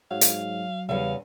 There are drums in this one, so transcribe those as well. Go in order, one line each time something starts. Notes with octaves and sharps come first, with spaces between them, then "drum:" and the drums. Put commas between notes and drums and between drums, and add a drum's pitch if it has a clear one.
G#2 F#3 F5
drum: hi-hat
E2 C#3 G3 F5